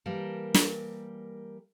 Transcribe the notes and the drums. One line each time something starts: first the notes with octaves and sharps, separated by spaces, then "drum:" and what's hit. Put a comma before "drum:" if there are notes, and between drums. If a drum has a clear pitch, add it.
E3 G3 A#3 A#4 A5
drum: snare